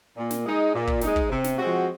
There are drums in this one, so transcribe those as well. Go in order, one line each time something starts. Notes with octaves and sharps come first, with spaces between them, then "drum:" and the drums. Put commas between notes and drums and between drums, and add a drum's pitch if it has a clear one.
A#2
drum: snare
G#3 D#4
A#2
drum: kick
G#3 D#4, drum: snare
drum: kick
C3
drum: snare
F3 G#3 C4 F#4